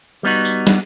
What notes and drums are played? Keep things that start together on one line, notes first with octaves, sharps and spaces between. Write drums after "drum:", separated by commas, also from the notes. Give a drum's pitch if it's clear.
G3 B3 D#4 F#4
drum: tambourine
drum: snare